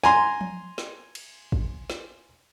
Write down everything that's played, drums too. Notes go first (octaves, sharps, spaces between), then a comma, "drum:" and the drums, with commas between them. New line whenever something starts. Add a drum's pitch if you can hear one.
G#5 A#5 C6, drum: snare
drum: tom F3
drum: snare
drum: cymbal
drum: kick
drum: snare